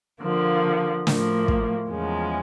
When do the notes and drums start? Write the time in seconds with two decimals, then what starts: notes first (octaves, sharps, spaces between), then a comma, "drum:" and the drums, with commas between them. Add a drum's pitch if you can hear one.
0.23 D3 F3 A#3
1.07 A2 F3 A#3, drum: snare
1.48 drum: kick
1.90 E2 C#3 F3 G#3